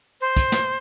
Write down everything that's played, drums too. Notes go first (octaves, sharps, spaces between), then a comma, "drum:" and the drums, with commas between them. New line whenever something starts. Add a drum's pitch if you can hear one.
C5
drum: kick, hi-hat
drum: snare